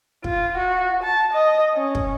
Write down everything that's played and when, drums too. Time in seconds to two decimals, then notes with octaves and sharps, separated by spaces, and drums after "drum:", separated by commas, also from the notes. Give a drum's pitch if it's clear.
0.24 F4, drum: kick
0.58 F#4
1.03 A5
1.33 D#5
1.74 C#4
1.95 drum: kick